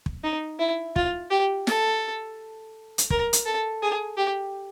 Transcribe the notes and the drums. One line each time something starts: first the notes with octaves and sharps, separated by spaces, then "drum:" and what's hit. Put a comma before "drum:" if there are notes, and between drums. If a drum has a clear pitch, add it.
drum: kick
D#4
E4
F4, drum: kick
G4
A4, drum: snare
drum: hi-hat
A#4, drum: kick
drum: hi-hat
A4
G#4
G4